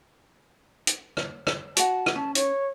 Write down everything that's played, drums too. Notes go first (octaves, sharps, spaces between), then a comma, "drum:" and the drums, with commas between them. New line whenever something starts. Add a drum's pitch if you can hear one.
drum: hi-hat
drum: rim click
drum: rim click
F#4 F#5 A5, drum: hi-hat
drum: rim click
C#4 A5
C#5, drum: hi-hat